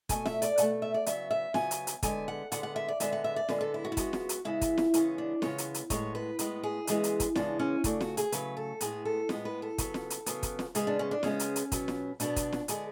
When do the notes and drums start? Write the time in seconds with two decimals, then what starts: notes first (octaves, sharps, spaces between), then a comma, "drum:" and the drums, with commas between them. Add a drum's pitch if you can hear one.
0.09 B2 A3 G#5, drum: kick, hi-hat
0.26 E5, drum: snare
0.42 D5, drum: hi-hat
0.58 B2 A3 F#5, drum: hi-hat
0.82 E5
0.94 D5
1.06 C#3 F#3 B3 E5, drum: hi-hat
1.31 E5
1.54 C#3 F#3 B3 G#5, drum: snare
1.71 drum: hi-hat
1.87 drum: hi-hat
2.03 D3 G#3 B3 G#5, drum: kick, hi-hat
2.28 F#5
2.52 D3 G#3 B3 F#5, drum: hi-hat
2.63 F#5
2.76 E5
2.88 D5
3.00 D3 G#3 B3 E5, drum: hi-hat
3.12 F#5
3.24 E5
3.36 D5
3.49 D3 G#3 B3 B4, drum: snare
3.61 A4
3.74 E4
3.85 F#4
3.92 E4
3.97 C#3 G#3 B3 F#4, drum: kick, hi-hat
4.13 drum: snare
4.29 drum: hi-hat
4.45 C#3 G#3 B3 E4
4.61 drum: kick, hi-hat
4.78 drum: snare
4.94 C#3 E3 G#3 B3 C#4, drum: hi-hat
5.18 D4
5.42 C#3 E3 G#3 B3 C#5, drum: snare
5.58 drum: hi-hat
5.74 drum: hi-hat
5.90 A2 G#3 B3 C#5, drum: kick, hi-hat
6.15 B4
6.39 A2 G#3 B3 B4, drum: hi-hat
6.63 G#4
6.87 C#3 E3 G#3 B3, drum: hi-hat
7.04 drum: hi-hat
7.20 drum: kick, hi-hat
7.35 C#3 E3 G#3 B3 D4, drum: snare
7.59 C#4
7.84 C#3 F#3 A3 D4, drum: kick, hi-hat
8.01 F#4, drum: snare
8.17 G#4, drum: hi-hat
8.32 C#3 F#3 A3 B4, drum: hi-hat
8.57 A4
8.81 A2 G#3 B3 G#4, drum: hi-hat
9.05 A4
9.29 A2 G#3 B3, drum: snare
9.45 B4
9.62 A4
9.78 C#3 F#3 B3, drum: kick, hi-hat
9.94 drum: snare
10.10 drum: hi-hat
10.26 C#3 F#3 B3, drum: hi-hat
10.43 drum: kick, hi-hat
10.59 drum: snare
10.75 C#3 G#3 B3 G#4, drum: hi-hat
10.87 D4
10.99 C#4
11.11 D4
11.23 C#3 G#3 B3 C#4, drum: snare
11.39 drum: hi-hat
11.56 drum: hi-hat
11.72 B2 F#3 B3, drum: kick, hi-hat
11.88 drum: snare
12.20 B2 F#3 B3 D4, drum: hi-hat
12.36 drum: kick, hi-hat
12.53 drum: snare
12.68 D3 G#3 B3 G#4, drum: hi-hat